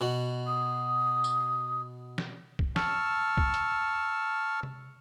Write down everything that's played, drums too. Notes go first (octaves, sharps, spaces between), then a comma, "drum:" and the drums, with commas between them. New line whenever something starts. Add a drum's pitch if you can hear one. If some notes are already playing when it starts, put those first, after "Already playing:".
B2 F#4
D#6
drum: tambourine
drum: snare
drum: kick
A5 C#6 E6 F6, drum: snare
drum: kick
drum: hi-hat
drum: tom C3